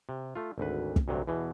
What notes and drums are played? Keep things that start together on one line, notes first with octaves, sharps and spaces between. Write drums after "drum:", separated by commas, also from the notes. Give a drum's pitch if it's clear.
C3
A3 F4
G#1 D2 B4
drum: kick
D2 G2 C3 F#3
E2 B2 E3